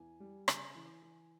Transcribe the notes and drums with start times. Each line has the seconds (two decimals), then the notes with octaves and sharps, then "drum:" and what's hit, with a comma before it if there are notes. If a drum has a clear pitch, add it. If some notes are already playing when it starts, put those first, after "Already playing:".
Already playing: E2 G#5
0.20 G3
0.48 C#3 G#5, drum: rim click
0.75 E3
1.02 E3